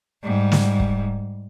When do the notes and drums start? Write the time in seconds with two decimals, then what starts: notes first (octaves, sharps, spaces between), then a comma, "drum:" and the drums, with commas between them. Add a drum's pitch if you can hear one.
0.24 G#2 G3
0.52 drum: snare
0.80 drum: kick